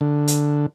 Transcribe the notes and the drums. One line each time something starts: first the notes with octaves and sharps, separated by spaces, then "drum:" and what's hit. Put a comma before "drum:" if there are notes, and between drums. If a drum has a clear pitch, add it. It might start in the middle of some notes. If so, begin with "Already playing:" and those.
D3
drum: hi-hat